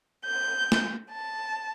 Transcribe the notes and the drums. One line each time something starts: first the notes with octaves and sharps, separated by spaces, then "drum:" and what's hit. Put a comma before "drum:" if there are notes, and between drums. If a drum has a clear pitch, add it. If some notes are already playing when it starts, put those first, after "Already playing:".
G6
drum: snare
A5